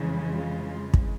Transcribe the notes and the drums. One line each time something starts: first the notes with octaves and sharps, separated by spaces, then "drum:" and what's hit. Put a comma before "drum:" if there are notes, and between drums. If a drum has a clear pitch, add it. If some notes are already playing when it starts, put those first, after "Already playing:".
Already playing: F2 C#3 E3 G#3
F4
drum: kick